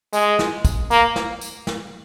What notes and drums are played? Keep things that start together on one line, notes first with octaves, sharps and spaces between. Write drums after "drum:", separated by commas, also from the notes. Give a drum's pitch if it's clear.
G#3, drum: tambourine
drum: snare
drum: kick, tambourine
A#3, drum: tambourine
drum: snare
drum: tambourine
drum: snare